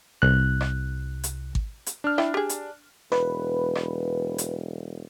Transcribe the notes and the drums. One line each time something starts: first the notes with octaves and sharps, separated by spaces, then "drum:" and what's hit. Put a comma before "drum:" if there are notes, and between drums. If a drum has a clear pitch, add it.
C2 F#6
drum: rim click
drum: hi-hat
drum: kick G#1
drum: hi-hat
D4 F6
E4 G5, drum: rim click
G4 G#4
drum: hi-hat
E1 B4, drum: rim click
drum: rim click
drum: hi-hat